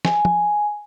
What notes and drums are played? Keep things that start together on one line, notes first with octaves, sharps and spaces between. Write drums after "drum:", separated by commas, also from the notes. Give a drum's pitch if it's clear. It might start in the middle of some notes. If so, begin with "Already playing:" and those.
G#5, drum: snare
drum: tom